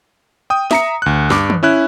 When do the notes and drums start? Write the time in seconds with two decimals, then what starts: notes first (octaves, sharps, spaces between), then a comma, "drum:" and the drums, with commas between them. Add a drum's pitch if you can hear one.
0.50 G5 D#6
0.71 E5 A#5 C#7, drum: snare
1.02 D2 F#6
1.30 G2 D6, drum: snare
1.50 drum: tom
1.63 C#4 E4 F#6